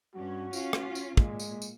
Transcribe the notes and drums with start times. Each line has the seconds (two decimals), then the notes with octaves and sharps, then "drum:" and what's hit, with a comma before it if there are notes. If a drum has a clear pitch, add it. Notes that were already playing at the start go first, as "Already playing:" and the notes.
0.15 G2 C#4 F#4
0.53 C#4 F4, drum: tambourine
0.73 drum: rim click
0.95 drum: tambourine
1.17 A#2 G#3, drum: kick
1.40 drum: tambourine
1.62 drum: tambourine